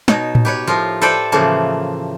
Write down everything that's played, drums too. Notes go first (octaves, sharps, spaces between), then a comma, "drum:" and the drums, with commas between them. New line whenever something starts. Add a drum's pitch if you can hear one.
B2 D#4 C#5, drum: snare
drum: tom A2
G4 B4 C#5
A2 F3 F4 A#4
A4 B4 C5 D5 E5 G5
A2 C#3 E3 F3 A3 A#3